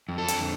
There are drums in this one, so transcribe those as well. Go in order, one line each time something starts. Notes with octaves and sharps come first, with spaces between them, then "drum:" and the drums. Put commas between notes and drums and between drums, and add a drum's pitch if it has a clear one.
F2
A4
D3, drum: hi-hat